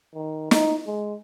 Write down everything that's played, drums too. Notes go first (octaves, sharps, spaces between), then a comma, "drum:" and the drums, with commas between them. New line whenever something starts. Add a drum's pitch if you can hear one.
D#3
D#4, drum: snare
G#3